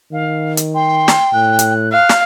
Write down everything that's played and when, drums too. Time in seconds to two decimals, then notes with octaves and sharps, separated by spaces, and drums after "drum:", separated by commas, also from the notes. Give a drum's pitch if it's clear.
0.13 D#3 F5
0.57 drum: hi-hat
0.75 G5 C6
1.08 drum: snare
1.33 A2 F#6
1.59 drum: hi-hat
1.93 F5 F#6
2.09 drum: snare